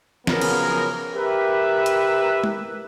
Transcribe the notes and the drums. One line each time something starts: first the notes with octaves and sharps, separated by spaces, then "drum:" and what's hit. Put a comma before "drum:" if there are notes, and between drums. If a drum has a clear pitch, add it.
C#3 F3 F#3 B3 G#4 A#4, drum: snare
drum: cymbal
G4 A#4 B4 E5
drum: hi-hat
drum: tom